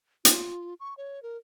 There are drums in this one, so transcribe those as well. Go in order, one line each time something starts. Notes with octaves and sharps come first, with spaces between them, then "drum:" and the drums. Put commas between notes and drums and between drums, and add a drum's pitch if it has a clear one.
F4, drum: hi-hat
C#6
C#5
A#4